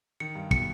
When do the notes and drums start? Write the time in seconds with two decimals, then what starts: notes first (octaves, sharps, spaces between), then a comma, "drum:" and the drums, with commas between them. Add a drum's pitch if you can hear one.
0.20 D#3 C#7
0.35 G2
0.51 B2 C#7, drum: kick